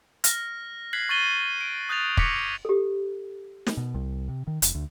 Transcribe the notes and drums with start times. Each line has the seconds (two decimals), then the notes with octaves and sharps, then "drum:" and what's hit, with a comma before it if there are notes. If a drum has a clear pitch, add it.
0.24 F6 A#6, drum: hi-hat
0.93 F#6 G#6 B6 C7 F#7
1.09 C#6 G6 A6 D#7 F#7 G7
1.61 D7
1.89 D#6 F#6 G6 A6 F7
2.17 C#6 D6 G#6 A#6 B6 C#7, drum: kick
2.65 G4 A4
3.67 drum: snare
3.77 B2
3.95 C2
4.28 C3
4.47 D#3
4.62 F1, drum: hi-hat
4.75 D2